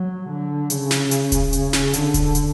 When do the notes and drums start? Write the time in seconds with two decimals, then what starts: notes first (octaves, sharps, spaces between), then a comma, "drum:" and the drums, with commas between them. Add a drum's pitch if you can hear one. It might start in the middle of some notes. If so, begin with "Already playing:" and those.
Already playing: F#3
0.29 D3
0.70 C#3, drum: hi-hat
0.91 drum: snare
1.11 drum: hi-hat
1.32 drum: kick D#1, hi-hat
1.53 C#3, drum: hi-hat
1.73 drum: snare
1.93 D3, drum: hi-hat
2.14 drum: kick D#1, hi-hat
2.35 drum: hi-hat